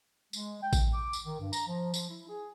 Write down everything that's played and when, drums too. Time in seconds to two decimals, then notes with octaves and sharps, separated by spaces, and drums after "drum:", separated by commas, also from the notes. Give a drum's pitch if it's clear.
0.33 G#3, drum: tambourine
0.62 G5
0.73 drum: kick A1, tambourine
0.93 D6
1.13 drum: tambourine
1.25 D#3
1.40 G2
1.53 A#5, drum: tambourine
1.67 F3
1.94 F3, drum: tambourine
2.08 E4
2.29 G#4